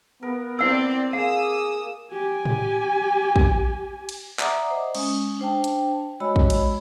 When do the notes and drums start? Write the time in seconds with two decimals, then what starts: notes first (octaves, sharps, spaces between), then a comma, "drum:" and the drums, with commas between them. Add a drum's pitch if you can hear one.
0.23 B3 A#4
0.59 C4 E4 D5 F#5 E6
1.13 A#3 G#4 F#5 D#6 E6
2.12 G4 G#5
2.45 drum: tom A2
3.36 drum: kick
4.09 drum: cymbal
4.39 D5 E5 F#5 A#5 D6 D#6, drum: clap
4.70 C5 D#5
4.95 G#3 C#4 D#6, drum: cymbal
5.39 D4 C5 G5 A5
5.64 drum: hi-hat
6.20 G#3 F#4 C#5 D#5 B5 E6
6.36 drum: kick
6.50 drum: cymbal